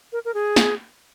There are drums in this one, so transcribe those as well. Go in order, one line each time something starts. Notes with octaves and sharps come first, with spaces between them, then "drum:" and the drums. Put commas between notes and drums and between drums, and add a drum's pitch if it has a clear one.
A#4
A#4
G#4
drum: snare